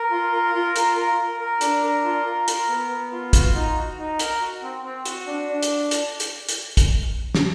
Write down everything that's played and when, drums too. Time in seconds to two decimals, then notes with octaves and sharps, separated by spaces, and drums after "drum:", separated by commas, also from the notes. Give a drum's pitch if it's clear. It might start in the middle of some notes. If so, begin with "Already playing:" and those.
Already playing: A#4
0.11 F4
0.33 A#4
0.54 F4
0.76 A#4, drum: hi-hat
0.97 A#4
1.18 A#4
1.40 A#4
1.61 D4, drum: hi-hat
1.83 A#4
2.05 F4
2.26 A#4
2.48 A#4, drum: hi-hat
2.69 B3
2.90 B3
3.12 F4
3.33 F#4, drum: kick, hi-hat
3.55 D#4
3.76 F#4
3.98 D#4
4.19 A#4, drum: hi-hat
4.41 F#4
4.62 C4
4.83 C4
5.05 F#4, drum: hi-hat
5.27 D4
5.48 D4
5.63 drum: hi-hat
5.91 drum: hi-hat
6.20 drum: hi-hat
6.49 drum: hi-hat
6.77 drum: kick, hi-hat
7.35 drum: snare